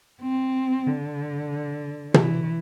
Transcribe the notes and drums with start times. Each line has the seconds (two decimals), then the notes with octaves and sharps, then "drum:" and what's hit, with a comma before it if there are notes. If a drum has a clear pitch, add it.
0.22 C4
0.87 D3
2.14 E3, drum: tom